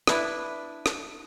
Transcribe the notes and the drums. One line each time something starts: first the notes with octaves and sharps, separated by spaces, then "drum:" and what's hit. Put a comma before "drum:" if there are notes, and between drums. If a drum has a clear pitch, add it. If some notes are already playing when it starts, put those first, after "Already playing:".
D4 E4 B4 D5, drum: rim click
drum: rim click